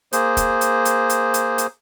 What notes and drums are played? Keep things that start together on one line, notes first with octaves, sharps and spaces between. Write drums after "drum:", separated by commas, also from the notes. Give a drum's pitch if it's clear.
A#3 G#4 C5, drum: hi-hat
drum: kick, hi-hat
drum: hi-hat
drum: hi-hat
drum: hi-hat
drum: hi-hat
drum: hi-hat